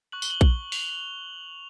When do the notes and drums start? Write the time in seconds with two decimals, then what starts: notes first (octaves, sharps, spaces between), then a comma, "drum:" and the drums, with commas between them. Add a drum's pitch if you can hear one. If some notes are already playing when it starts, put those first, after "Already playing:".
0.12 C#6 F#6 F#7
0.22 G7, drum: tambourine
0.30 F#7
0.41 drum: kick A#1
0.72 F7, drum: open hi-hat